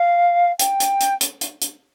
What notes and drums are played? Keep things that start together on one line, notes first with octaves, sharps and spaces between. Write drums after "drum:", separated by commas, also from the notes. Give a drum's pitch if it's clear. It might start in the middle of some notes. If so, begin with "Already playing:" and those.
Already playing: F5
G5, drum: hi-hat
drum: hi-hat
drum: hi-hat
drum: hi-hat
drum: hi-hat
drum: hi-hat